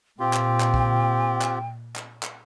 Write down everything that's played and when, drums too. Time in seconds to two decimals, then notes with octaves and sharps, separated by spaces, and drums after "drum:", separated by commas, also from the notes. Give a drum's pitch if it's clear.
0.20 A#2 C4 F4 G4 G5
0.33 drum: clap
0.60 drum: clap
0.74 drum: kick B1
1.42 drum: clap
1.96 drum: clap
2.23 drum: clap